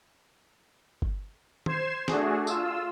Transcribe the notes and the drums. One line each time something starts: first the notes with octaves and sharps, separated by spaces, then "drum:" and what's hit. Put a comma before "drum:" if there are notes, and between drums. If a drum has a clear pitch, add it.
drum: kick G1
C5 G#6 C7 E7, drum: tom
A3 D4 F#4 G#4, drum: snare
F4 E6, drum: tambourine